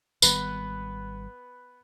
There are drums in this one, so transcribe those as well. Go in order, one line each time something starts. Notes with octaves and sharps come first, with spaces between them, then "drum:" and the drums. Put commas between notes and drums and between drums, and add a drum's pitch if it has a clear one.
G#1 D#3 G3 B3 B4, drum: tambourine